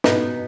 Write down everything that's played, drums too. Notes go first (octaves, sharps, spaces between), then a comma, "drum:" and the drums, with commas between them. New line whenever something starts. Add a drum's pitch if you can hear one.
B2 B3 D#4, drum: snare